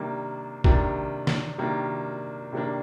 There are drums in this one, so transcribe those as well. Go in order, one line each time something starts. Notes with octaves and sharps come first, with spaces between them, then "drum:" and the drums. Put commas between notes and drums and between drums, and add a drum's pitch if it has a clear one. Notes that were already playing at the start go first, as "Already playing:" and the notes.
Already playing: C3 D#3 G3 A#3 D4
C3 D#3 G3 A#3 D4, drum: kick
drum: snare
C3 D#3 G3 A#3 D4
C3 D#3 G3 A#3 D4